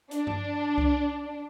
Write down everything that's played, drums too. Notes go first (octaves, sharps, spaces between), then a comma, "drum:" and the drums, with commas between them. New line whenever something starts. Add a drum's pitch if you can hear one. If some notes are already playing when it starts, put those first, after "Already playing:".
D4, drum: hi-hat
drum: tom G2
drum: kick C2